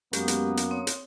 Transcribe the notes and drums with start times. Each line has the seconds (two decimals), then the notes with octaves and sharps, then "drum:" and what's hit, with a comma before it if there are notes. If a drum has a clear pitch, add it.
0.13 F#2 G#3 A#3 B3 C#4 G4, drum: hi-hat
0.28 drum: hi-hat
0.57 drum: hi-hat
0.71 C4 C#5 D#6
0.87 drum: hi-hat